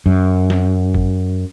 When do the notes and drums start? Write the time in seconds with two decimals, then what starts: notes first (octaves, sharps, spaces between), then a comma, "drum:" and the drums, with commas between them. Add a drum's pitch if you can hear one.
0.06 F#2
0.50 drum: snare
0.95 drum: kick G1